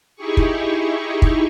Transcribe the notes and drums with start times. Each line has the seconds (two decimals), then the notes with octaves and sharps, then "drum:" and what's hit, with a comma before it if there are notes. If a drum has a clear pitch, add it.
0.16 D#4 E4 G4 G#4 C#6
0.37 drum: kick
1.22 drum: kick